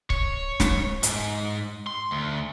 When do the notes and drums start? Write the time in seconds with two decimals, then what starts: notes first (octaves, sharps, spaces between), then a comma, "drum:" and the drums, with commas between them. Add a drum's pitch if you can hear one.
0.10 C#5, drum: kick C#1
0.60 drum: snare
1.03 G#2, drum: hi-hat
1.87 C6
2.11 D2